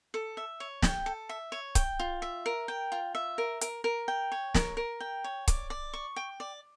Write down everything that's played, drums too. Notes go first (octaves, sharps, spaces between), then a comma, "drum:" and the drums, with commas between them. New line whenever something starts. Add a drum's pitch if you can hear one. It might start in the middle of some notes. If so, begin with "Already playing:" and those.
A4
E5
C#5
G5, drum: snare
A4
E5
C#5
G5, drum: kick C#1, hi-hat
F4
E5
A#4
G5
F4
E5
A#4
A#4, drum: hi-hat
A#4
G5
C#5
A#4, drum: snare
A#4
G5
C#5
D5, drum: kick C#1, hi-hat
D5
C#6
G5
D5